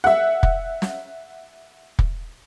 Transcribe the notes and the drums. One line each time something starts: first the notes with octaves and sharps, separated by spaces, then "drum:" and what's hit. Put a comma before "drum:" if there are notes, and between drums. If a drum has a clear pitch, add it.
E5 F#5
drum: kick
drum: snare
drum: kick